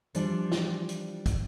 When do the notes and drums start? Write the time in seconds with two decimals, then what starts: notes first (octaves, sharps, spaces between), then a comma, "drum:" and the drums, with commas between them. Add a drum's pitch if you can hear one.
0.15 E3 F3 G3 D4, drum: hi-hat
0.52 drum: snare
0.89 drum: hi-hat
1.26 drum: kick, hi-hat